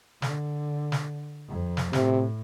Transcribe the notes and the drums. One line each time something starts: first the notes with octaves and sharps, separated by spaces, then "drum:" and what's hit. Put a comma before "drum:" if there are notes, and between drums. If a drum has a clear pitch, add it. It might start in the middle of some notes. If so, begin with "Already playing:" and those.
D3, drum: snare
drum: snare
F2
drum: snare
A2 C3, drum: snare